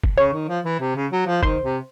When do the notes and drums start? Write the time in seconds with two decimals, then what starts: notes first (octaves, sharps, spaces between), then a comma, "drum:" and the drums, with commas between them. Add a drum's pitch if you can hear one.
0.04 drum: kick
0.18 C#3 C#5 C#6
0.32 D#3
0.48 F3
0.65 E3
0.80 C3
0.96 C#3
1.12 F#3
1.27 F3
1.43 D#3 C5 C6, drum: kick
1.63 C3